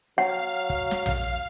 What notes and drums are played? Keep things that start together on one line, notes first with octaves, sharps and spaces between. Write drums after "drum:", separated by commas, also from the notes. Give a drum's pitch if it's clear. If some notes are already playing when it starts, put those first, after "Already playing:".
F#3 F5 F#5
drum: kick
drum: snare
drum: tom A#1